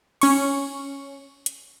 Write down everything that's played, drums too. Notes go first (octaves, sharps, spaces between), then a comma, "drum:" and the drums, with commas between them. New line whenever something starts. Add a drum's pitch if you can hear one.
C#4 C#6, drum: cymbal
drum: hi-hat